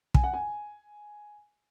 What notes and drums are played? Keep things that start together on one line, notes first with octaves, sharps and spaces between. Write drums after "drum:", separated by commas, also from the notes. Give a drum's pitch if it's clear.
G#5, drum: kick
F#5
G#5